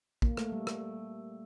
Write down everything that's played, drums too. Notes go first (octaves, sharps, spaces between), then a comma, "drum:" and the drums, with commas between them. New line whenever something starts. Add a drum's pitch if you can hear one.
A#3, drum: kick A#1
A3, drum: rim click
G3
drum: rim click